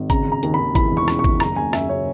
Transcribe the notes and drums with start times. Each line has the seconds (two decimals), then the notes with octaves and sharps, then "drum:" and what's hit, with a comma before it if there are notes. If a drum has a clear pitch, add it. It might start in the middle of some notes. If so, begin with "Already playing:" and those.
Already playing: G#1
0.10 C#3 A#5, drum: kick, hi-hat
0.27 C#3 A#5
0.43 D#2, drum: hi-hat
0.54 D#2 B5
0.75 E3 B5, drum: kick, hi-hat
0.91 E1
0.97 C#6
1.08 C#3, drum: rim click
1.19 C#6
1.24 D#2, drum: kick
1.40 F#1 A#5, drum: rim click
1.56 F#1 G#5
1.73 F#2 E5, drum: rim click
1.89 C#3 C#5